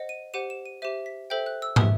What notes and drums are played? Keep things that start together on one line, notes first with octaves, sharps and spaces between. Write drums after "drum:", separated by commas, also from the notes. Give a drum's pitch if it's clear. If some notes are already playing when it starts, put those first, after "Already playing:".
Already playing: C5 D#5 F#5
D#7
G4 C5 F#5 D#7
E7
D#7
G4 C5 E5 D#7
B6
A4 C5 E5 G5 G6
F#6
E6
G4 B4 E5 D#6, drum: tom